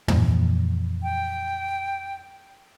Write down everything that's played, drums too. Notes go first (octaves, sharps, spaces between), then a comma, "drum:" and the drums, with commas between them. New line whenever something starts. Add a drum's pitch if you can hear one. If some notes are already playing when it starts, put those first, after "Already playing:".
F2 A#2 E3, drum: tom
G5